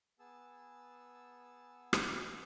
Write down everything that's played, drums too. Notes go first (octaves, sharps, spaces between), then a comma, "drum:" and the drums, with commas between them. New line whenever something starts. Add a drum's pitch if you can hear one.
B3 G#4 A5 E6
drum: rim click